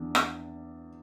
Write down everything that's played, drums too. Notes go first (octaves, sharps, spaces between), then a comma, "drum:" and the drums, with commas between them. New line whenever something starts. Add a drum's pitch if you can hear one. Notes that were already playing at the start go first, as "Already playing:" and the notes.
Already playing: E2 D4
drum: rim click